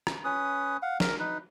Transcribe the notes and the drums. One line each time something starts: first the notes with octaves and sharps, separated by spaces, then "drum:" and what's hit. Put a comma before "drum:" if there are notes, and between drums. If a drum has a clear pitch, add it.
drum: rim click
C#4 B4 D#6
F5 F#5
A#4, drum: snare
D#4 B4